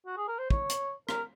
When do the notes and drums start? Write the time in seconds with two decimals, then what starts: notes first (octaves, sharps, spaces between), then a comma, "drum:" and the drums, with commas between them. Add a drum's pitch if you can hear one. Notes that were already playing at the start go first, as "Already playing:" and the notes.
0.06 F#4
0.17 G#4
0.28 A#4
0.39 C5
0.50 C#5, drum: kick
0.69 drum: hi-hat
1.09 A#4, drum: rim click